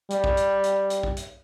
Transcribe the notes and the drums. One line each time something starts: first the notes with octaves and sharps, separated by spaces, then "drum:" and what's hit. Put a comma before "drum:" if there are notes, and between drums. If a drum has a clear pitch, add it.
G3, drum: hi-hat
drum: kick A#1
drum: hi-hat
drum: hi-hat
drum: hi-hat
drum: kick A#1
drum: hi-hat